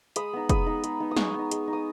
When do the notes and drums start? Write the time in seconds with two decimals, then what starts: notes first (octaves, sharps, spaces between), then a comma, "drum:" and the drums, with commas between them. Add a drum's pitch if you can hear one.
0.16 G#3 B5 D#6, drum: hi-hat
0.33 B3 D#4
0.49 G#3 B5 D#6, drum: kick, hi-hat
0.66 B3 D#4
0.84 G#3, drum: hi-hat
1.00 B3 D#4
1.11 D#6
1.17 G#3 G#5 C#6, drum: snare
1.34 B3
1.39 D#4
1.51 G#3, drum: hi-hat
1.68 D#4
1.73 D#6